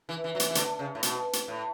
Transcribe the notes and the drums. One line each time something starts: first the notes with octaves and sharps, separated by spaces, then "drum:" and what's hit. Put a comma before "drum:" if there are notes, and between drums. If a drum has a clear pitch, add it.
E3
E3
F#3
E3, drum: hi-hat
E3
D3, drum: hi-hat
C#3
A2
B2, drum: hi-hat
drum: hi-hat
A2